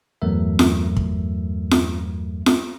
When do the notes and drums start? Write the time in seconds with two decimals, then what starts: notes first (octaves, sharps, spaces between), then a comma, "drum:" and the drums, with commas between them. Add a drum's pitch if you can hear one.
0.22 E2 G2 F#3 A3 A#4 E5
0.59 drum: snare
0.96 drum: kick
1.71 drum: snare
2.46 drum: snare